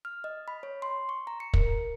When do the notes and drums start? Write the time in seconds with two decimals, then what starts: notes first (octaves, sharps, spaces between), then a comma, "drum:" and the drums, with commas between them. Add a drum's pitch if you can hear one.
0.05 F6
0.24 D#5
0.48 B5
0.63 C#5
0.82 C6
1.09 C#6
1.27 A#5
1.40 C#7
1.54 A#4, drum: kick